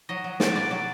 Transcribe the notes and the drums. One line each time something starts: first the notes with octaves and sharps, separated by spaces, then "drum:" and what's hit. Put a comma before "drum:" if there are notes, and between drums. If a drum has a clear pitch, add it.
F#3 D#5
F#3
F#3 D5, drum: snare
B2 D5
F#3 D5